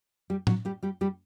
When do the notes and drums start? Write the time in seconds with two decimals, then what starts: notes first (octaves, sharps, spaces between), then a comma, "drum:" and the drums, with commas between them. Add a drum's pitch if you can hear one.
0.30 G3 G4
0.47 F#3 F#4, drum: tom
0.65 G3 G4
0.83 G3 G4
1.01 G3 G4